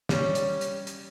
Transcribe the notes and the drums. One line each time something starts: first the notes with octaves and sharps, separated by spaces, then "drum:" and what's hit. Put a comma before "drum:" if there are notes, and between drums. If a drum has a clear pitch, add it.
G3 C#4, drum: snare
drum: hi-hat
drum: hi-hat
drum: hi-hat